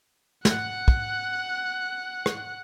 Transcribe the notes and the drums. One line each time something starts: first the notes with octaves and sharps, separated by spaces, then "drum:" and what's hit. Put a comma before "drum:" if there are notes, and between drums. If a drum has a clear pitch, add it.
F#5 F#6, drum: snare
drum: kick
drum: rim click